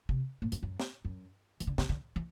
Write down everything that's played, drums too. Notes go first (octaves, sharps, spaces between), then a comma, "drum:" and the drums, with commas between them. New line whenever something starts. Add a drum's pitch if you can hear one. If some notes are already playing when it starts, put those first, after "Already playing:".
C3, drum: kick
A2
F#2, drum: hi-hat
F#2
drum: snare
F#2
E3, drum: hi-hat
D3
D3, drum: snare
D3
E3